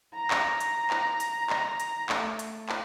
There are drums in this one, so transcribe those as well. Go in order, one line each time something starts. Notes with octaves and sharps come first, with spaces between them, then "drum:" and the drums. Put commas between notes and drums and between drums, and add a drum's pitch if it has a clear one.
A#5
drum: clap
drum: hi-hat
drum: clap
drum: hi-hat
drum: clap
drum: hi-hat
A3, drum: clap
drum: hi-hat
drum: clap